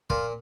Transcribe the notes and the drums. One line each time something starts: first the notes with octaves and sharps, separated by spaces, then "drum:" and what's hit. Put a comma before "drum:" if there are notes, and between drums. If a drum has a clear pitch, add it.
A#2 F4, drum: kick